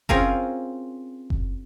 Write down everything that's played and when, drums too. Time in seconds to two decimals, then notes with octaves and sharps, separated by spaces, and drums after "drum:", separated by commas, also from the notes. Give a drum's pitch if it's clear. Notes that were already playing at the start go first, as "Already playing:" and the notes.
0.09 C4 C#4 F4 G#4 A#4, drum: kick F#1
1.30 drum: kick F#1